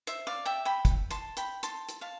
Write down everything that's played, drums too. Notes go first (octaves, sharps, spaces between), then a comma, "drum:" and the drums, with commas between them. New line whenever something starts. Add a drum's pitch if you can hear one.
C5 E5, drum: hi-hat
D5 F5
E5 G5
G5 B5
drum: kick, hi-hat
A5 C6, drum: hi-hat
G5 B5, drum: hi-hat
A5 C6, drum: hi-hat
drum: hi-hat
F5 A5